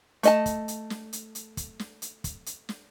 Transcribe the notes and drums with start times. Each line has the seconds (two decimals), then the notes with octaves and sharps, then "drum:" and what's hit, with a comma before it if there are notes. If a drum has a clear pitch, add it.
0.23 A3 D#5 A5, drum: hi-hat
0.46 drum: kick, hi-hat
0.68 drum: hi-hat
0.90 drum: snare
1.13 drum: hi-hat
1.35 drum: hi-hat
1.57 drum: kick, hi-hat
1.79 drum: snare
2.02 drum: hi-hat
2.24 drum: kick, hi-hat
2.46 drum: hi-hat
2.69 drum: snare